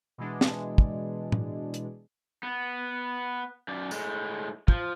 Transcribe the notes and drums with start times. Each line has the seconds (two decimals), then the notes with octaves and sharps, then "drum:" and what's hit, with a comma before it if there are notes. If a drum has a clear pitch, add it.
0.18 B2 E3 G#3 D4
0.41 drum: snare
0.78 drum: kick
1.32 drum: tom A2
1.74 drum: hi-hat
2.43 B3
3.68 F#2 D5
3.91 A2 G#3, drum: tambourine
4.68 F3, drum: kick